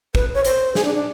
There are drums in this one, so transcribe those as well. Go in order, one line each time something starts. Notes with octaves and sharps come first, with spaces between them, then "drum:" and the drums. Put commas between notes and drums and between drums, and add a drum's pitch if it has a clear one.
B4, drum: kick
C#5
C5, drum: hi-hat
G#4, drum: snare
D4
D4